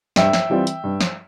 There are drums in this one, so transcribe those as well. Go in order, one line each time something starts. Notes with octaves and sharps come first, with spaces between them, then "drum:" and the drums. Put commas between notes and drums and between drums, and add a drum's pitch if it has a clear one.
G2 E5 G5, drum: snare
drum: snare
E3 G3 C4 F4
drum: hi-hat
G2
drum: snare